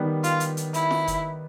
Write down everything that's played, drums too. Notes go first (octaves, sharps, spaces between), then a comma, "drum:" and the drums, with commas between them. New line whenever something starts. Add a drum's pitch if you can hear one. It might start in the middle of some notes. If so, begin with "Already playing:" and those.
Already playing: D#3 G3 B3
F4, drum: hi-hat
drum: hi-hat
drum: hi-hat
E4, drum: hi-hat
drum: snare F4
drum: kick F1, hi-hat